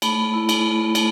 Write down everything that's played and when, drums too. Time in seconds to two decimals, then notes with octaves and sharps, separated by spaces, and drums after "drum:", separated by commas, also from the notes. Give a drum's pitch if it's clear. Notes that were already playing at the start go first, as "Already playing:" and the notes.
0.02 A3 B5, drum: cymbal
0.34 E4
0.49 drum: cymbal
0.65 A3
0.95 A3, drum: cymbal